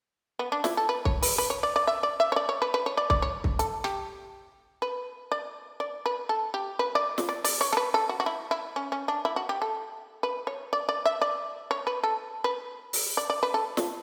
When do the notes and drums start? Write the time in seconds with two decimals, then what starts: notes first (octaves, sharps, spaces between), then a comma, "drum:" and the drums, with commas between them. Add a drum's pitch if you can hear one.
0.39 B3
0.52 D4
0.64 E4, drum: snare
0.77 A4
0.89 B4
1.05 C#5, drum: kick C2
1.22 B4, drum: open hi-hat
1.38 B4
1.50 C#5
1.63 D5
1.76 D5
1.87 E5
2.03 D5
2.20 E5
2.32 C#5
2.36 D5
2.49 C#5
2.62 B4
2.74 B4
2.86 C#5
2.97 D5
3.10 D5, drum: kick C2
3.22 C#5
3.44 drum: kick C2
3.59 A4, drum: hi-hat
3.84 G4, drum: rim click
4.82 B4
5.32 D5
5.80 D5
6.06 B4
6.29 A4
6.54 G4
6.79 B4
6.95 D5
7.18 drum: snare
7.29 D5
7.44 D5, drum: open hi-hat
7.61 C#5
7.73 A4, drum: rim click
7.77 B4
7.94 A4
8.09 F#4
8.20 F#4
8.26 E4
8.51 E4
8.76 C#4
8.92 C#4
9.08 D4
9.25 E4
9.36 F#4
9.49 G4
9.62 A4
10.23 B4
10.47 C#5
10.73 D5
10.89 D5
11.05 E5
11.21 D5
11.71 C#5
11.87 B4
12.03 A4
12.44 B4
12.93 drum: open hi-hat
13.17 D5
13.30 D5
13.43 B4
13.54 A4
13.77 drum: snare